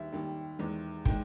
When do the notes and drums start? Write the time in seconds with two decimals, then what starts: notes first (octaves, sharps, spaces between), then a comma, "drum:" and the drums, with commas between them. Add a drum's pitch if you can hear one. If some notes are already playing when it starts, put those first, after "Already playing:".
Already playing: D#2 D#3 G3 E5
0.12 D#2 D#3 G3
0.59 E2 D#3 G#3
1.05 D#3 G#3 G5, drum: kick